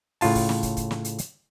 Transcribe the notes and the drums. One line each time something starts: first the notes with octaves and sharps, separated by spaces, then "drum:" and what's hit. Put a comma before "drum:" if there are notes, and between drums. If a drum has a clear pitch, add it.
A2 C#3 F4 A5, drum: open hi-hat
drum: kick, open hi-hat
drum: snare
drum: kick, hi-hat
drum: kick, hi-hat
drum: snare
drum: hi-hat
drum: hi-hat